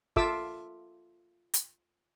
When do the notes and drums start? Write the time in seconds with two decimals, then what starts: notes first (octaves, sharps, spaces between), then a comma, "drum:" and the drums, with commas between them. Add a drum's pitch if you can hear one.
0.16 F4 A4 E5 D6 E6, drum: kick
1.54 drum: hi-hat